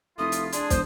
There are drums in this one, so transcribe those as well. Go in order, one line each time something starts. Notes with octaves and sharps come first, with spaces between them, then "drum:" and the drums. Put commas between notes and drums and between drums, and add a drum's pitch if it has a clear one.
F1 A3 E4 F4 D#6
drum: hi-hat
D4 G#4 C6, drum: hi-hat
E1 C5 D#6, drum: kick, hi-hat